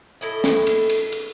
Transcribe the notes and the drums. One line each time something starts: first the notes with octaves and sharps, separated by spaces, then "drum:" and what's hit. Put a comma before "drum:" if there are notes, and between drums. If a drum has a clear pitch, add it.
A2 E4 D#5
drum: snare
drum: cymbal
drum: cymbal
drum: cymbal